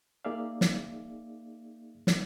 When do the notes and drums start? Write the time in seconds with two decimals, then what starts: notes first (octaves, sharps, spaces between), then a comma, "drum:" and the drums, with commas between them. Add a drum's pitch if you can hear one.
0.25 A#3 D#4 G#4 D5 E5 F5
0.61 drum: snare
2.07 drum: snare